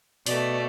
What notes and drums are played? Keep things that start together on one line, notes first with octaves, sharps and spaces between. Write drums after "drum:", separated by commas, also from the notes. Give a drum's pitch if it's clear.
B2 A3 D5, drum: open hi-hat